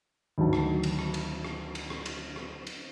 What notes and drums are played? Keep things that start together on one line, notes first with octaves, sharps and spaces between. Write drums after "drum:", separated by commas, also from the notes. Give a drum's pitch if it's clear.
D2 D#3 F#3 A5
drum: rim click
drum: cymbal
drum: rim click
drum: cymbal
drum: rim click
drum: cymbal
drum: rim click
drum: cymbal
drum: rim click
drum: cymbal